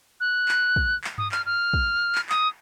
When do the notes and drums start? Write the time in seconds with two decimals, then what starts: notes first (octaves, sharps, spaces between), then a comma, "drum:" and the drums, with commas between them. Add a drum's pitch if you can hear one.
0.20 F#6
0.48 drum: clap
0.76 drum: kick
1.04 drum: clap
1.18 D#6, drum: tom G2
1.32 F6, drum: clap
1.46 F6
1.73 drum: kick
2.15 drum: clap
2.29 D#6, drum: clap